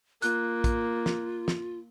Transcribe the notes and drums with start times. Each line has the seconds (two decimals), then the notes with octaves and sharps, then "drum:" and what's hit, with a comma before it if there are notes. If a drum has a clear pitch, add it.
0.22 A#3 F4 F#6, drum: hi-hat
0.64 drum: kick A#1, hi-hat
1.06 drum: snare
1.48 drum: snare